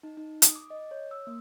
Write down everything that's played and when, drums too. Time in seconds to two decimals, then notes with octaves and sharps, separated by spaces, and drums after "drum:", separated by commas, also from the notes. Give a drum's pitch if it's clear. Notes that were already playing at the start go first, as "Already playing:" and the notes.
0.03 D#4
0.17 D#4
0.42 D#6, drum: hi-hat
0.56 D6
0.70 D#5
0.91 C#5
1.11 E6
1.27 A#3